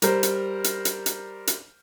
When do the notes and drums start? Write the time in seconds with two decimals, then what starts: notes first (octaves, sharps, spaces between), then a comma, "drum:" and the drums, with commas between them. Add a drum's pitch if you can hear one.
0.02 G3 A#4 C5, drum: hi-hat
0.23 drum: hi-hat
0.64 drum: hi-hat
0.85 drum: hi-hat
1.06 drum: hi-hat
1.47 drum: hi-hat